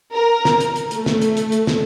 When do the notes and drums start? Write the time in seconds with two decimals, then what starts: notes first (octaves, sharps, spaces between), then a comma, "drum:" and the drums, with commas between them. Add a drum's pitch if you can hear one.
0.13 A#4
0.45 drum: snare
0.60 drum: hi-hat
0.76 drum: hi-hat
0.91 A3, drum: hi-hat
1.06 drum: snare
1.22 drum: hi-hat
1.37 drum: hi-hat
1.52 drum: hi-hat
1.67 drum: snare